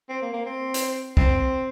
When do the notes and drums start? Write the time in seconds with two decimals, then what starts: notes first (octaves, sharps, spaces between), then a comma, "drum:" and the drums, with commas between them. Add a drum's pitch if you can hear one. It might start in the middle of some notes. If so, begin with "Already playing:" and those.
0.09 C4
0.22 A#3
0.33 A#3
0.46 C4
0.74 drum: hi-hat
1.17 C4, drum: kick